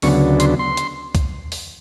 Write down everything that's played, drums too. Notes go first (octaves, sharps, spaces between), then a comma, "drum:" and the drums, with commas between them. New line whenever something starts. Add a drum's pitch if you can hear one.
D2 C#3 F#3 B3 D4 C#6, drum: open hi-hat
C6, drum: hi-hat
C6
drum: hi-hat
drum: kick C2, hi-hat
drum: open hi-hat